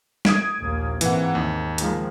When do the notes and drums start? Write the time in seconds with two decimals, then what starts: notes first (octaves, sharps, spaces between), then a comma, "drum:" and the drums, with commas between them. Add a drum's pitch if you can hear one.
0.25 D#6 G#6 D7, drum: snare
0.60 A#1 D#2 A#3
1.01 G#2 E3 A#3 C4 F#5, drum: hi-hat
1.35 D#2
1.78 D#3 F3 G#3, drum: hi-hat